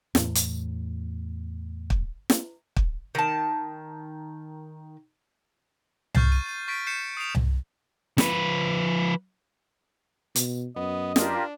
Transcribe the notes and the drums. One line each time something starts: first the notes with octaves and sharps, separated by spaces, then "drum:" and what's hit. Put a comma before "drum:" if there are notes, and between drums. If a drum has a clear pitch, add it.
E2 A2, drum: snare
drum: hi-hat
drum: kick
drum: snare
drum: kick
D#3 A5
C#6 F6 G6 A6 C7, drum: tom C2
D#7
A6 D#7
C#6 A6 B6 D7
G6 C7 C#7 E7
D#6 C7 D7 F7
drum: tom C2
F3 B4, drum: snare
B2, drum: hi-hat
F#2 B3 D#5
D4 F4 G4 A#4, drum: snare